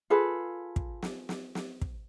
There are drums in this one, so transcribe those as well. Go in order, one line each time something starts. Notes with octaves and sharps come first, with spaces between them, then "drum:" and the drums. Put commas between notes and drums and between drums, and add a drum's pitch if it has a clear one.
F4 G#4 A4 B4
drum: kick
drum: snare
drum: snare
drum: snare
drum: kick